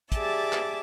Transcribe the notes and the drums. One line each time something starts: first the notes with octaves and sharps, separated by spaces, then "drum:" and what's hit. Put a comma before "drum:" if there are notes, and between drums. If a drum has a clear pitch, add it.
G4 G#4 D5 E5 A5 D6, drum: kick, hi-hat
drum: clap